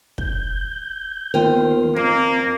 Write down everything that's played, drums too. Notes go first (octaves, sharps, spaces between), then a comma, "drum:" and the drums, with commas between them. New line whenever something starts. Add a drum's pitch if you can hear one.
G6, drum: kick
D#2 D#3 B3 F4 A#4 C5 G5
F2 A#3 C4